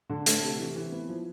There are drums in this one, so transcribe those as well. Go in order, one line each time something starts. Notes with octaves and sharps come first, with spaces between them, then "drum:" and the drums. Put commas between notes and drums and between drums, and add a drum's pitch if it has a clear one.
D3
A3, drum: hi-hat
C3
E3
E3
B3
F3